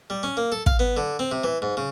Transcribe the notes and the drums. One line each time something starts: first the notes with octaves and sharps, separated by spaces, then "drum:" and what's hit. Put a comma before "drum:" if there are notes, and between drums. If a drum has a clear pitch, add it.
G3
C#4
A#3
A4
F5, drum: kick
B3
D3
C4
C3
E3
G#2
C#3